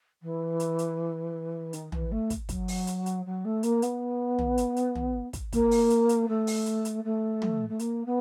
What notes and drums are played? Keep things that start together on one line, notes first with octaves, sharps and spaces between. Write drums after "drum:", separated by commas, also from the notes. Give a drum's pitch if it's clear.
E3
drum: hi-hat
drum: hi-hat
D#3, drum: hi-hat
E3, drum: tom
A3
drum: kick, hi-hat
F#3, drum: kick, hi-hat
drum: open hi-hat
drum: hi-hat
drum: hi-hat
F#3
A3
A#3, drum: hi-hat
B3, drum: hi-hat
drum: tom
drum: hi-hat
drum: hi-hat
drum: tom
drum: kick, hi-hat
A#3, drum: kick, hi-hat
drum: open hi-hat
drum: hi-hat
drum: hi-hat
A3
drum: open hi-hat
drum: hi-hat
drum: hi-hat
A3
drum: tom
A3
A#3, drum: hi-hat
B3